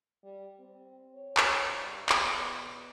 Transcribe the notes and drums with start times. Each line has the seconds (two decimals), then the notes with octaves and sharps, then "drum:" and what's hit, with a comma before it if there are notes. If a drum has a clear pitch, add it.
0.24 G3
0.59 C4
1.14 C#5
1.37 drum: clap
1.69 G2
2.09 E2, drum: clap
2.50 B2